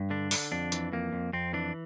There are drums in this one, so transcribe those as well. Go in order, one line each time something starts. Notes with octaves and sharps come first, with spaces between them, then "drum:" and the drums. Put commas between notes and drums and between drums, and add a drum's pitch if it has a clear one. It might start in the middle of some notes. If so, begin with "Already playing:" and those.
Already playing: G2
D3 D4
D3, drum: open hi-hat
F2 D4
E3, drum: hi-hat
F2 A#3
F2
F2 C4
E3 D4